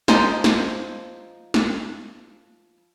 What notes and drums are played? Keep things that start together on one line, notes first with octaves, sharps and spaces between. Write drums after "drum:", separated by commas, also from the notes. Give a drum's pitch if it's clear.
F3 D#4 C5, drum: snare
drum: snare
drum: snare